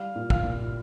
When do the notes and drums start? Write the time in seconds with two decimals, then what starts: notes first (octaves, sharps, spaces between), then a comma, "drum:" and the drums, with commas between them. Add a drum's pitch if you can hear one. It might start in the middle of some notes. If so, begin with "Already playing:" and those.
Already playing: G3 F5 F6
0.15 A#2
0.30 F5 F6, drum: kick
0.45 A#2